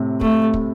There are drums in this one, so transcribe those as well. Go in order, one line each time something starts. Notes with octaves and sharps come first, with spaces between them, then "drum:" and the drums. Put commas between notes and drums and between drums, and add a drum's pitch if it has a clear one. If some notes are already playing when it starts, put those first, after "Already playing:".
Already playing: A2 C3
A3, drum: kick
drum: kick